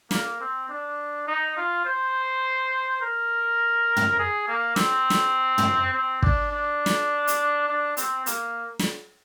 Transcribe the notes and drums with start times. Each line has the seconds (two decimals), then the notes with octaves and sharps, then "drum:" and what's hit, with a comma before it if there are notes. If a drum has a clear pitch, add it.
0.11 A#3, drum: snare
0.40 C4
0.69 D4
1.27 D#4
1.57 F4
1.85 C5
3.02 A#4
3.96 drum: tom
4.19 G#4
4.47 A#3
4.76 C4, drum: snare
5.10 drum: snare
5.58 drum: tom
5.94 C4
6.22 D4, drum: kick
6.51 D4
6.86 drum: snare
7.27 drum: hi-hat
7.68 D4
7.97 C4, drum: hi-hat
8.26 A#3, drum: hi-hat
8.79 drum: snare